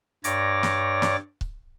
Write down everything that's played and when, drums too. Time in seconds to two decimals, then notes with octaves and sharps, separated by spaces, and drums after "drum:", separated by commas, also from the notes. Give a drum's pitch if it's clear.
0.24 G2 C#5 D5 D6 A#6, drum: hi-hat
0.63 drum: snare
1.02 drum: snare
1.41 drum: kick C#1